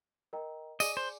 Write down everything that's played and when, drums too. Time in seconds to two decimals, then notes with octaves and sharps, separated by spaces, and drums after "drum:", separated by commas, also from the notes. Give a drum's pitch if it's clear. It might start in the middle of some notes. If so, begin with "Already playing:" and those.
0.33 A#4 D#5 G5 A#5
0.80 G#4 D5 D#5 G#5 D6, drum: tambourine
0.97 C5